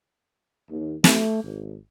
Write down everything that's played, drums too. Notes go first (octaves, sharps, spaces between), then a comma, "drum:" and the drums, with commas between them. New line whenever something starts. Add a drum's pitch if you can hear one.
D#2
A3, drum: snare
G#1